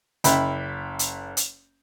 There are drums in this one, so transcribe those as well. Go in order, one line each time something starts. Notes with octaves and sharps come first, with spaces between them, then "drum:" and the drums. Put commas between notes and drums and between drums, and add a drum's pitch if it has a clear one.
F#1 E5 G5 B5, drum: hi-hat
drum: hi-hat
drum: hi-hat